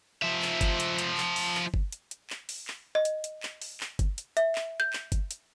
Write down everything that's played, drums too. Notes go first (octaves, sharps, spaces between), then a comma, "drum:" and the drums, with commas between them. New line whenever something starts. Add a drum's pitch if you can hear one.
F3 E5
drum: clap
drum: kick G1, hi-hat
drum: hi-hat
drum: hi-hat
drum: clap
drum: open hi-hat
drum: clap
drum: kick G1
drum: hi-hat
drum: hi-hat
drum: clap
drum: open hi-hat
drum: clap
D#5
drum: hi-hat
drum: hi-hat
drum: clap
drum: open hi-hat
drum: clap
drum: kick G1, hi-hat
drum: hi-hat
E5, drum: hi-hat
drum: clap
G6
drum: clap
drum: kick G1, hi-hat
drum: hi-hat